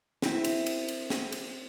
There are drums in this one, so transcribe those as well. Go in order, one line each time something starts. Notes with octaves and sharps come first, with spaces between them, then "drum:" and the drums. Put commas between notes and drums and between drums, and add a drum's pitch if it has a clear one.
C4 E4, drum: snare
drum: cymbal
drum: cymbal
drum: cymbal
drum: snare
drum: cymbal